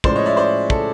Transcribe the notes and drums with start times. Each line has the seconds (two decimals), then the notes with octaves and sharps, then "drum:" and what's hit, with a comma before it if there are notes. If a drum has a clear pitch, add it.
0.04 A2 F3 G#3 C#4 C5 D5, drum: kick
0.16 C#5 D#5
0.26 D5 E5
0.37 C5 D5
0.70 A4, drum: kick